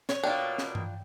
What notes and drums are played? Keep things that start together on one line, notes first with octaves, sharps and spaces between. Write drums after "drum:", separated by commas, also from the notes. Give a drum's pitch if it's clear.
C#5, drum: snare
B2 A#3 D4 F4 G5
drum: snare
drum: tom G2